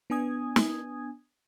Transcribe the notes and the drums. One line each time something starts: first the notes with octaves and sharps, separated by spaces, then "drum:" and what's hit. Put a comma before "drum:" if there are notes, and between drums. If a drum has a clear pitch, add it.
B3 D4 G#5 D#6 G#6
drum: snare